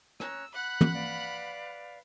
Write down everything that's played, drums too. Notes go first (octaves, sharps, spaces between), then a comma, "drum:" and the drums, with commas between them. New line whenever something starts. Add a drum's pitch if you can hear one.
C#4 A#5 E6 F#6, drum: rim click
F#5 B5 F#6
drum: tom
B4 D5 F5